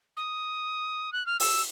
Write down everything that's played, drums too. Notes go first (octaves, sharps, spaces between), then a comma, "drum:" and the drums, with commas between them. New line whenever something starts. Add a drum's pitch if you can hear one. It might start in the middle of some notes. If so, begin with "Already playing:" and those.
D#6
F#6
F6
E6, drum: open hi-hat